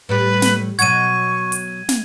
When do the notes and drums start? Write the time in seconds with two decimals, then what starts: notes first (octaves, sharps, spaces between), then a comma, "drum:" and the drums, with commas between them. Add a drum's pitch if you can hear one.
0.09 A2 G3 G4 B4
0.42 drum: snare
0.79 B2 F#3 F#4 C#6 G#6 D#7, drum: hi-hat
1.52 drum: hi-hat
1.89 drum: snare